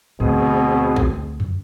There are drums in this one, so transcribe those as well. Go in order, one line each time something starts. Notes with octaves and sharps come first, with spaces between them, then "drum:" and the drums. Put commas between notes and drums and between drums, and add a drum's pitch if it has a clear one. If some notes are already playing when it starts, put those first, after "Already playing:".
D2 B2 C4 G#4, drum: tom G#2
drum: kick A#1
drum: tom F2